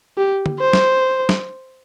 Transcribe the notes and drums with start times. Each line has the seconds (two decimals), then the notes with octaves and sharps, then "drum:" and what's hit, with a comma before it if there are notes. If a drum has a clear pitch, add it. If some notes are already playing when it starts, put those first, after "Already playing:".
0.18 G4
0.46 drum: tom
0.60 C5
0.73 drum: snare
1.29 drum: snare